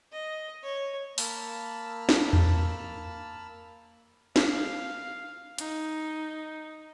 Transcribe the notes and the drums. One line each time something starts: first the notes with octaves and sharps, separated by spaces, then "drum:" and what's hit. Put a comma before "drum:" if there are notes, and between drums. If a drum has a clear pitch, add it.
D#5
C#5
A#3 A5 B5 E6 F6, drum: open hi-hat
drum: snare
drum: tom E2
F5, drum: snare
D#4, drum: hi-hat